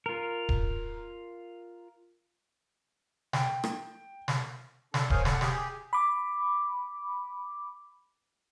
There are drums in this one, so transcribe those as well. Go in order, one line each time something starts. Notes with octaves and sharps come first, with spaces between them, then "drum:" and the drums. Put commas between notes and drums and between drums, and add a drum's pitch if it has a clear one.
F4 A#4
drum: kick D1
G5, drum: snare
drum: rim click
drum: snare
D4 A4, drum: snare
G#4 A#4 C5 C#5 F5 G#5, drum: kick D1
A4 D5 F#5, drum: snare
G4 G#4, drum: snare
B5 D6